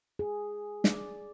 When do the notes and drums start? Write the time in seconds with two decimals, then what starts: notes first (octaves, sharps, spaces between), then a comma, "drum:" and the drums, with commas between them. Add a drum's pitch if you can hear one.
0.19 G#4
0.84 D5, drum: snare